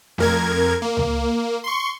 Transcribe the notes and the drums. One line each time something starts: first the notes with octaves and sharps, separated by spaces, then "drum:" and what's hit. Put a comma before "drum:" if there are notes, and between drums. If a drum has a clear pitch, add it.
F2 A#4 G#6, drum: snare
A#3
drum: tom C#2
C6 C#6